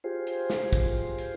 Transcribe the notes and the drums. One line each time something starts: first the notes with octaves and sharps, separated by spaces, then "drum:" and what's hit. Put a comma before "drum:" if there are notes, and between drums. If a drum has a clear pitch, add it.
F4 G4 G#4 C5
drum: hi-hat
drum: snare
drum: kick, hi-hat
drum: hi-hat